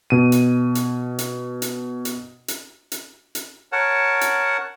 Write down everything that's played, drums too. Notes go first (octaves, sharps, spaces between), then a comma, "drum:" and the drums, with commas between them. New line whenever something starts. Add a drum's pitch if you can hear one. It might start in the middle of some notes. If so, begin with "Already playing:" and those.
B2 D#7
drum: hi-hat
drum: hi-hat
drum: hi-hat
drum: hi-hat
drum: hi-hat
drum: hi-hat
drum: hi-hat
drum: hi-hat
A#4 C#5 F#5 A5
drum: hi-hat